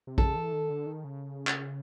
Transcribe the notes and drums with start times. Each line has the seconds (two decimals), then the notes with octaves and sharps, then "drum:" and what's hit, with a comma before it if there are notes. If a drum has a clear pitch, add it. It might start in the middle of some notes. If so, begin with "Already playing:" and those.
0.07 C3
0.18 C#3 A4, drum: kick
0.36 E3
0.53 D#3
0.70 D3
0.86 D#3
1.04 C#3
1.47 drum: clap